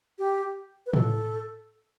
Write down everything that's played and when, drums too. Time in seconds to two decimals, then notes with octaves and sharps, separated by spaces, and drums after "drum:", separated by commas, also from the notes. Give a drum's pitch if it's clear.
0.19 G4
0.86 B4
0.93 A4, drum: tom A2